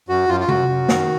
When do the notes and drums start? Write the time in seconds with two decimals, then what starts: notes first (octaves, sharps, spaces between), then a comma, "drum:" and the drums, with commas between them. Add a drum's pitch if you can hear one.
0.09 F#2 F#4
0.29 F#2 F4
0.40 F4
0.48 F#2 F#4, drum: tom C3
0.69 F#2
0.89 D#3, drum: snare